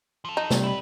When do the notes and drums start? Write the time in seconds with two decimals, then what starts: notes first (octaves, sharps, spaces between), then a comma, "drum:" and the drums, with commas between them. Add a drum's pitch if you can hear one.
0.25 F3 A4
0.37 D#4
0.50 C3 G3, drum: snare
0.63 E4 B4